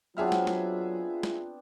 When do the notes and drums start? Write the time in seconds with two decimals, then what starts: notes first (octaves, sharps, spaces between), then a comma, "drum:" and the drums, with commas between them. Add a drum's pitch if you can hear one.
0.17 F#3 B3 C4 D4 F4 G#4 E5 F6
0.32 drum: snare
0.47 drum: snare
1.23 drum: snare